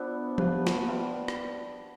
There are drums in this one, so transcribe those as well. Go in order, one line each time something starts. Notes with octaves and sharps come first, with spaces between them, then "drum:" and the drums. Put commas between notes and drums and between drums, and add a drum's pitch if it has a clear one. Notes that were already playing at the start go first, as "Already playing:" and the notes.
Already playing: B3 D4 E4 F4 C5
G4 C5 F5 A5, drum: tom F3
drum: snare
G3 B4 E5 A5 C6
drum: rim click